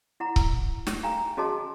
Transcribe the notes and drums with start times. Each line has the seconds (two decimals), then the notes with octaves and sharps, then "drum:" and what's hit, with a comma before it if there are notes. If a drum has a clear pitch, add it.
0.20 E4 F#5 A#5
0.36 drum: kick C#1
0.87 drum: snare
1.03 F5 G5 G#5 A#5
1.37 C#4 F#4 G#4 D#5 A5 C6